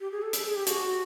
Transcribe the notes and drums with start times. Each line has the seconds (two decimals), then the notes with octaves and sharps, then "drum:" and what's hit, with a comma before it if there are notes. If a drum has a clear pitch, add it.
0.01 G4
0.12 G#4
0.22 A4
0.33 drum: hi-hat
0.45 G#4
0.56 G4
0.67 F#4, drum: hi-hat